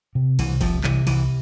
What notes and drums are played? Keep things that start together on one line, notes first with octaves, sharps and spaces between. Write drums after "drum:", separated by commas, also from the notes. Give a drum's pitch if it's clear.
C3
C2 E3, drum: cymbal
C3 F3, drum: kick F1, cymbal
C3 E3, drum: clap
C2 E3, drum: cymbal